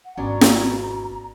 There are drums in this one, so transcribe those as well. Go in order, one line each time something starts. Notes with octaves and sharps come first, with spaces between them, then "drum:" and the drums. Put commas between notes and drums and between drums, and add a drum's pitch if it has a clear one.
F#5
G#1 B2 C#4 D4 D5 A#5
drum: snare